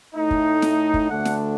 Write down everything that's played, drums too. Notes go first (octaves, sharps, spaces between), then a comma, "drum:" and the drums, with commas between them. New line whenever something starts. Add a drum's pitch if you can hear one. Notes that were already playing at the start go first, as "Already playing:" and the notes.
A2 A3 D#4
drum: kick
drum: snare
drum: kick
D2 D3 A3 D4 F#5
drum: snare